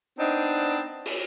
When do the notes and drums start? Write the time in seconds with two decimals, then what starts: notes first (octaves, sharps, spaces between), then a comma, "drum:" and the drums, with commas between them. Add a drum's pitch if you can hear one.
0.18 B3 C4 D4 D#4
1.06 drum: open hi-hat